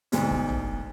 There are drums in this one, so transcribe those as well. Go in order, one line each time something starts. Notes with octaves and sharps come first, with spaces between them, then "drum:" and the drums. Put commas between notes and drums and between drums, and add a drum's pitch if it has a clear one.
D2 G#2 B2, drum: hi-hat
drum: kick
drum: tom